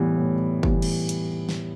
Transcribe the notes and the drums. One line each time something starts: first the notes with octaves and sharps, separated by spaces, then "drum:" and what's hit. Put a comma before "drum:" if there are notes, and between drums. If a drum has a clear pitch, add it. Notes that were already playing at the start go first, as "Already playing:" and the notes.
Already playing: A2 E3 G3 B3
A2
E3 G3 B3, drum: kick
drum: cymbal
drum: hi-hat
drum: snare